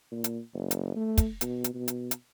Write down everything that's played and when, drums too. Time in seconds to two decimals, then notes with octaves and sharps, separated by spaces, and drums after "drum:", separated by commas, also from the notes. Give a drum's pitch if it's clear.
0.11 A#2
0.24 drum: hi-hat
0.53 F#1
0.71 drum: hi-hat
0.96 A3
1.18 drum: kick, hi-hat
1.41 B2, drum: hi-hat
1.64 drum: hi-hat
1.74 B2
1.88 drum: hi-hat
2.11 drum: hi-hat